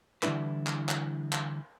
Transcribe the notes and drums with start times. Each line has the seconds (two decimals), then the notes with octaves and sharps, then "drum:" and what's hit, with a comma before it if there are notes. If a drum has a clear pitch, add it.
0.23 D3 E3 G3 D4 E4 B4, drum: clap
0.67 drum: clap
0.89 drum: clap
1.33 drum: clap